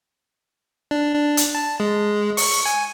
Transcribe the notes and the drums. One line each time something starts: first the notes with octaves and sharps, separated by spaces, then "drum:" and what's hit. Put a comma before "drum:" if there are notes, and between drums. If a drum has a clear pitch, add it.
D4
D4
drum: hi-hat
A5
G#3
C#6, drum: open hi-hat
G#5